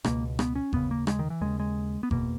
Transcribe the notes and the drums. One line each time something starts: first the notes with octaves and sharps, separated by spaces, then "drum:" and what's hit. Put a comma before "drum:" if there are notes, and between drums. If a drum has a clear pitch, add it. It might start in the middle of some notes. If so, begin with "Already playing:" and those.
C#2 B2 A#3, drum: rim click
B3, drum: rim click
C#4
D#2 C#3 B3, drum: kick G1
A#3
G#3, drum: rim click
D#3
E3
D#2 C#3 G#3
G#3
B3
E2 B2 A#3, drum: kick G1